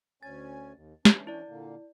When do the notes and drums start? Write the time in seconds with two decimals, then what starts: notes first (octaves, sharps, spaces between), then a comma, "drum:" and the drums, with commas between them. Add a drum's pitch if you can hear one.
0.23 D2 C#4 G#5 A6
0.73 D#2
1.05 E3 C#4 D4, drum: snare
1.27 E4 D5
1.48 A#2 D3 A#3